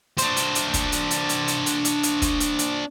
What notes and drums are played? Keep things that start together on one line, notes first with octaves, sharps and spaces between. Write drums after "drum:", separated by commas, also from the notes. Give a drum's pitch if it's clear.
D4 C5, drum: hi-hat
drum: hi-hat
drum: hi-hat
drum: kick, hi-hat
drum: hi-hat
drum: hi-hat
drum: hi-hat
drum: hi-hat
drum: hi-hat
drum: hi-hat
drum: hi-hat
drum: kick, hi-hat
drum: hi-hat
drum: hi-hat